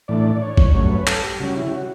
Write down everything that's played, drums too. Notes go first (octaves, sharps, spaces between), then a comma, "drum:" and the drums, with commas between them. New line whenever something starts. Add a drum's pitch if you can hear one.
A2 E3 A3 D4 D5
C#5
drum: kick
G2 F#3 A3 C#4 C#5
B4
A4, drum: clap
G4
C#3 G3 C#4 F#4
E4
G4
F#4